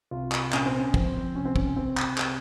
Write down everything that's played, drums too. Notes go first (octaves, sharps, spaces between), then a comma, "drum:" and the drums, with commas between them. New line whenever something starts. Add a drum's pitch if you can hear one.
C2 F4
drum: clap
A#2 C#4, drum: clap
C4
C#4
F3 C4, drum: kick
C2 C#4
C4
C#4, drum: kick
C2 C4
drum: clap
C3, drum: clap